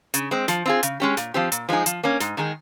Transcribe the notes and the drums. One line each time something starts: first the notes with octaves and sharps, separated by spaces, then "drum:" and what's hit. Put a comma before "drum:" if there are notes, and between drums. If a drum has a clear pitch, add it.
C#3, drum: hi-hat
G#3 C4
F3, drum: snare
C4 F4 G#4
C#3, drum: hi-hat
G#3 C#4 G4
A#2, drum: snare
F3 C4 G4
A#2, drum: hi-hat
F3 G#3 D#4 G#4
F3, drum: hi-hat
A#3 C#4
G#2, drum: snare
D#3 G#3 D#4 G#4